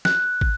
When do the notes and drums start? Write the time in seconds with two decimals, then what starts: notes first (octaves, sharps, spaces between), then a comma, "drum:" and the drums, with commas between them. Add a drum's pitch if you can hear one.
0.05 F#6, drum: snare
0.41 drum: kick